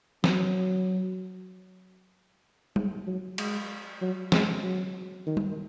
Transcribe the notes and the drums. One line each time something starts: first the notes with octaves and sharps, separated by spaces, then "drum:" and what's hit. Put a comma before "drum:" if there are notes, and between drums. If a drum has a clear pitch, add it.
F#3, drum: snare
G#3, drum: tom G3
F#3
G#3, drum: cymbal
F#3
G#3, drum: snare
F#3
D#3
drum: tom G3